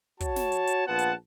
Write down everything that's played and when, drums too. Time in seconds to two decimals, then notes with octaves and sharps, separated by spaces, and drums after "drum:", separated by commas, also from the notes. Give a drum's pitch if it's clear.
0.20 F#4 C#5 A5, drum: kick, hi-hat
0.36 drum: snare
0.52 drum: hi-hat
0.67 drum: hi-hat
0.87 A#1 B3 F4 B4 F#5 A5
0.99 drum: hi-hat